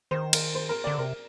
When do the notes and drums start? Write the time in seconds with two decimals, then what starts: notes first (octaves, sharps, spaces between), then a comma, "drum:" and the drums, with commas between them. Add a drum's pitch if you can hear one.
0.11 D#3 C5
0.33 A#4, drum: cymbal
0.55 C5
0.69 A#4
0.84 D3 D5
0.98 C3 A#4